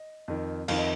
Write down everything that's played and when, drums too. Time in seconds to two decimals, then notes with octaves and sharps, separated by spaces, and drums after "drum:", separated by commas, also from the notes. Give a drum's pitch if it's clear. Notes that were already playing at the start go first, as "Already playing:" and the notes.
Already playing: D#5
0.28 F2 D#3
0.68 F2 D#3 F5, drum: cymbal
0.79 D#5